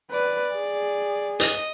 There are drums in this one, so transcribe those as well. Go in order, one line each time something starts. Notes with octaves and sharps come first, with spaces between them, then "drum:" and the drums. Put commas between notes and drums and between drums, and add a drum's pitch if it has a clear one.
B4 D5
G#4
D#5, drum: hi-hat